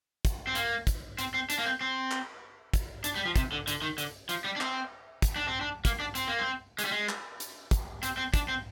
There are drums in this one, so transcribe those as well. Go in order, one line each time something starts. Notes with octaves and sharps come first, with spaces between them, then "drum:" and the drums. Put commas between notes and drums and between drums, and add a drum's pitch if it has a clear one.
drum: kick, hi-hat
C4
A#3, drum: hi-hat
drum: kick, hi-hat
C4, drum: hi-hat
C4
D4, drum: hi-hat
A#3
C4
C4
drum: clap
drum: kick, hi-hat
D4, drum: hi-hat
G3
F3
C3, drum: kick, hi-hat
D3
D3, drum: hi-hat
D#3
D3, drum: hi-hat
F3, drum: hi-hat
G3
D4
C4, drum: clap
drum: kick, hi-hat
D4
C4
D4
A#3, drum: kick, hi-hat
D4
C4, drum: hi-hat
A#3
C4
G#3, drum: hi-hat
G3
G#3
drum: clap
drum: hi-hat
drum: kick, hi-hat
C4, drum: hi-hat
C4
D4, drum: kick, hi-hat
C4